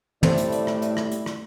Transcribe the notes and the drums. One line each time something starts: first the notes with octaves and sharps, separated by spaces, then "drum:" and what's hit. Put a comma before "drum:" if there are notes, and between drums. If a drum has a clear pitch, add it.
A2 G3 A3 C4 E4 D5, drum: tom
drum: hi-hat
drum: hi-hat
drum: rim click
drum: hi-hat
drum: rim click
drum: hi-hat
drum: rim click